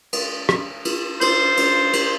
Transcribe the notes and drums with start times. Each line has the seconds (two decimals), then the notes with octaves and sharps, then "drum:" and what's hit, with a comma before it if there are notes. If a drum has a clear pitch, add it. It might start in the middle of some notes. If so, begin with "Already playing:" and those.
0.13 drum: cymbal
0.49 drum: rim click
0.85 drum: cymbal
1.21 C5, drum: cymbal
1.57 drum: cymbal
1.93 drum: cymbal